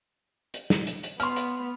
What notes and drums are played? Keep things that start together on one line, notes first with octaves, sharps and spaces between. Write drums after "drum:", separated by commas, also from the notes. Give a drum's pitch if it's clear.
drum: hi-hat
drum: snare
drum: hi-hat
drum: hi-hat
B3 C6 F6, drum: hi-hat
drum: hi-hat